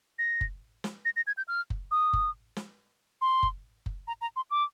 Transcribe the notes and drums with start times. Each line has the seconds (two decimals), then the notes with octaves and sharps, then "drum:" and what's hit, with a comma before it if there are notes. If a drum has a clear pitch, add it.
0.19 A#6
0.41 drum: kick F#1
0.84 drum: snare
1.05 A#6
1.16 A#6
1.27 G#6
1.37 G6
1.48 F6
1.70 drum: kick F#1
1.91 D#6
2.13 drum: kick F#1
2.57 drum: snare
3.21 C6
3.43 drum: kick F#1
3.86 drum: kick F#1
4.07 A#5
4.21 A#5
4.36 C6
4.51 D6